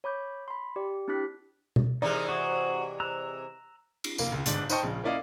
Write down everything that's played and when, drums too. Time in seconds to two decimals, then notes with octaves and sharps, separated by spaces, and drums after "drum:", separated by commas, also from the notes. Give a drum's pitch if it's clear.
0.04 C#5 B5 D6 G6
0.48 B5 C6
0.76 G4 D5
1.08 C4 D4 E4 G4 F#6 B6
1.76 drum: tom B2
2.02 C3 E3 G#3 D#4 A#4 D5
2.29 F#4 G#4
3.00 A#5 E6 F#6
4.04 drum: cymbal
4.18 F1 A#3, drum: tambourine
4.32 C#2
4.46 G1 G#2 D4, drum: hi-hat
4.69 D#4 C5 D#5 G5 A5 C#6, drum: tambourine
4.83 A#1 C#3
5.04 A#3 C#4 E4 D5 D#5 F5